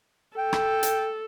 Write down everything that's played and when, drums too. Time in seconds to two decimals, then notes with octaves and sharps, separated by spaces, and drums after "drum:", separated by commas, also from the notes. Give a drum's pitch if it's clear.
0.38 A4 G5
0.53 drum: rim click
0.83 drum: hi-hat